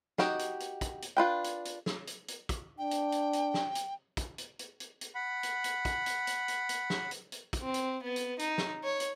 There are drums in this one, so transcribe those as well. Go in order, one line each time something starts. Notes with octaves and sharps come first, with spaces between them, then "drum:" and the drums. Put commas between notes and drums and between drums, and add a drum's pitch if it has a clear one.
D#4 F#4 G4 D#5, drum: snare
drum: hi-hat
drum: hi-hat
drum: kick, hi-hat
drum: hi-hat
D4 F4 B4 G5
drum: hi-hat
drum: hi-hat
drum: snare
drum: hi-hat
drum: hi-hat
drum: kick, hi-hat
D4 G5
drum: hi-hat
drum: hi-hat
drum: hi-hat
drum: snare
drum: hi-hat
drum: kick, hi-hat
drum: hi-hat
drum: hi-hat
drum: hi-hat
drum: hi-hat
F#5 B5
drum: hi-hat
drum: hi-hat
drum: kick, hi-hat
drum: hi-hat
drum: hi-hat
drum: hi-hat
drum: hi-hat
drum: snare
drum: hi-hat
drum: hi-hat
drum: kick, hi-hat
C4
drum: hi-hat
B3
drum: hi-hat
D#4, drum: hi-hat
drum: snare
C#5
drum: hi-hat